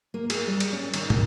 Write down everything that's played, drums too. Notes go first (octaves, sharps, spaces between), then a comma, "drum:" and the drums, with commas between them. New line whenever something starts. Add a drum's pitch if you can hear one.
A#3
G#4, drum: cymbal
G3
drum: cymbal
C#4
D#3, drum: cymbal
drum: tom